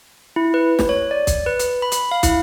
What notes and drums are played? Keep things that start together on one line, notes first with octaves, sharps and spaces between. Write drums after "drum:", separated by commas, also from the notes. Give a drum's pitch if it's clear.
E4
B4
drum: snare
C#5
D5
drum: kick, hi-hat
B4
drum: hi-hat
B5
drum: hi-hat
F5
E4, drum: kick, hi-hat